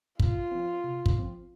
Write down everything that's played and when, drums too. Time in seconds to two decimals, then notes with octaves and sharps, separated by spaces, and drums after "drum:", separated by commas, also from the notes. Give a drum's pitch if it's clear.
0.20 C3 F4, drum: kick
0.51 F3 C4
0.84 C3
1.06 drum: kick
1.17 F3 C4